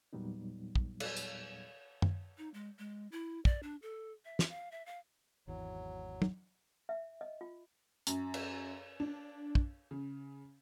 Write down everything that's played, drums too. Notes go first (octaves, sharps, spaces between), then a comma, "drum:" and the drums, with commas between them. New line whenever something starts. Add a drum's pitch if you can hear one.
E2 A#2 F#3 G3 B3 D#4
drum: kick
drum: cymbal
drum: tambourine
drum: tom F#2
D#4
G#3
G#3
E4
D5, drum: kick
D4
A4
E5
drum: snare
F5
E5
F5
G#1 E2 E3 F#3
drum: tom
E5
D#5
F4
F#2, drum: hi-hat
drum: cymbal
D4
drum: kick
C#3